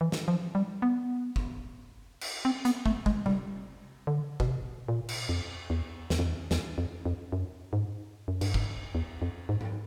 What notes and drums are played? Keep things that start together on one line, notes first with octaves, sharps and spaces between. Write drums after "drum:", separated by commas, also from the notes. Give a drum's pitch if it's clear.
E3
drum: snare
F3
G3
B3
drum: kick
drum: cymbal
C4
B3, drum: hi-hat
A3, drum: kick
G#3, drum: kick
G3, drum: tom C3
D3
B2, drum: kick
C3
A#2
drum: cymbal
F2
E2
E2, drum: snare
F2
E2
E2, drum: snare
F2
F2
F#2
G#2
F#2
G2, drum: cymbal
G#2, drum: kick
E2
F2
G#2
drum: tom G#2